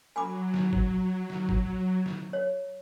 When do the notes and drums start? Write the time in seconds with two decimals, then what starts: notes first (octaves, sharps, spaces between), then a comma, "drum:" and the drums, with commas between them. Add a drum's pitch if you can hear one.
0.16 F#3 G#5 B5 D6
0.54 drum: snare
0.73 drum: kick
1.30 drum: snare
1.49 drum: kick
2.06 drum: snare
2.33 C#5